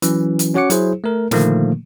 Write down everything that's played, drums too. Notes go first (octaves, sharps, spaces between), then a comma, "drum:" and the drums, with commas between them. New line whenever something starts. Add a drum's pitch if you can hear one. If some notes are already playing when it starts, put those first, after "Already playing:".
E3 F#3 C#4, drum: hi-hat
drum: hi-hat
C#4 F#4 C#5 F#5 D6 C#7
F#3 E4 G#4 C5, drum: hi-hat
A3 A#4
A#2 D3 D#3 F3 A3 A#3, drum: snare